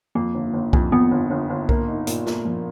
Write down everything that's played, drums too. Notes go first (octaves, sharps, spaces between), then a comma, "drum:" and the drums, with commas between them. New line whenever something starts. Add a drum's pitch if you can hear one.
F2 A#3
G1
G1
F2, drum: kick B1
F2 B3
G1
G1
G1
A#3, drum: kick B1
D#4
A#2, drum: hi-hat
A#3, drum: snare
F3